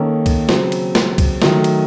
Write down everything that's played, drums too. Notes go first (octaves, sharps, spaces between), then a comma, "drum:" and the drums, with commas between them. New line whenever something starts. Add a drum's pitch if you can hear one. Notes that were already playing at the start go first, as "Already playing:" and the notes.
Already playing: D#3 A#3 C#4 A4
drum: kick C2, cymbal
C#3 F#3 C4, drum: snare
drum: cymbal
drum: snare
drum: kick C2, cymbal
D#3 F#3 A3, drum: snare
drum: cymbal